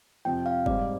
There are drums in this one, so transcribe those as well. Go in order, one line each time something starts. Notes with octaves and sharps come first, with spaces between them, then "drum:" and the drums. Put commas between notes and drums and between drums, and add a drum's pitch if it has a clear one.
F2 C3 F3 G5
F5
G#2 G3 C4 D5, drum: kick